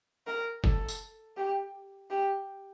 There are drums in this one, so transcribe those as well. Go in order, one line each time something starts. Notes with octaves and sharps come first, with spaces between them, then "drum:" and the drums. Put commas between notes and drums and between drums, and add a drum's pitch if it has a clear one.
A#4
A4, drum: kick
drum: tambourine
G4
G4